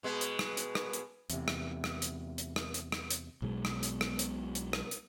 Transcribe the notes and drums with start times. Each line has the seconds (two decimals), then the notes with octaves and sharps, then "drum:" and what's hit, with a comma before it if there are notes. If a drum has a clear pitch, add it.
0.03 B2 G#3 B3
0.21 drum: hi-hat
0.39 drum: rim click
0.57 drum: hi-hat
0.75 drum: rim click
0.93 drum: hi-hat
1.30 E2 C3, drum: hi-hat
1.48 drum: rim click
1.84 drum: rim click
2.02 drum: hi-hat
2.38 drum: hi-hat
2.56 drum: rim click
2.74 drum: hi-hat
2.92 drum: rim click
3.10 drum: hi-hat
3.42 B1 B2 G#3
3.65 drum: rim click
3.83 drum: hi-hat
4.01 drum: rim click
4.19 drum: hi-hat
4.55 drum: hi-hat
4.73 drum: rim click
4.91 drum: hi-hat